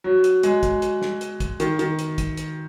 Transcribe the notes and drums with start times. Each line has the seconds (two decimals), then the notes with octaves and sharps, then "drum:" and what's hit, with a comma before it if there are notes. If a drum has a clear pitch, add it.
0.04 F#3
0.24 drum: hi-hat
0.43 G#3, drum: hi-hat
0.63 drum: kick, hi-hat
0.82 drum: hi-hat
1.02 drum: snare
1.21 drum: hi-hat
1.40 drum: kick, hi-hat
1.60 D#3, drum: hi-hat
1.79 D#3, drum: hi-hat
1.99 drum: hi-hat
2.18 drum: kick, hi-hat
2.37 drum: hi-hat